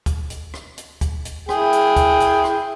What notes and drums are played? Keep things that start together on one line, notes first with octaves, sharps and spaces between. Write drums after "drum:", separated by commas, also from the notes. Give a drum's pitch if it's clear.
drum: kick D2, hi-hat
drum: hi-hat
drum: rim click
drum: hi-hat
drum: kick D2, hi-hat
drum: hi-hat
E4 G#4 G5, drum: rim click
drum: hi-hat
drum: kick D2, hi-hat
drum: hi-hat
drum: rim click